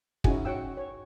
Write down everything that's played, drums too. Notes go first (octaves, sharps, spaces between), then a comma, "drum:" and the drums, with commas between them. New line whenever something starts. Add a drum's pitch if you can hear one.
C#4 D#4 E4 F#4 G#4 G#5, drum: kick
F#4 C#5 F#5 G5 E6
C#5